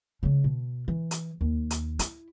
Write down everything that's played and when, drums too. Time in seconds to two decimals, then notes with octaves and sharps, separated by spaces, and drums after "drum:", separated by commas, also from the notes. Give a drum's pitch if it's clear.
0.23 C#3 G#3
0.44 B2
0.88 E3
1.11 drum: hi-hat
1.41 D#2
1.70 drum: hi-hat
1.99 E4, drum: hi-hat